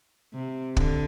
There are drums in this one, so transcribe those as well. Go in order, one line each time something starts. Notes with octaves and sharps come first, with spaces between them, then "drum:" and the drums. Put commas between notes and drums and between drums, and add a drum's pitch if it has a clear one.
C3
D3, drum: kick